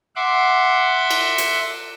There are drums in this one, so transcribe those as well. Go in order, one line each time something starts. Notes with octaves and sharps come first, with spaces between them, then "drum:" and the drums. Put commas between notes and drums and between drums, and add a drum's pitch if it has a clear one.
E5 F#5 C6 D6
drum: cymbal
drum: hi-hat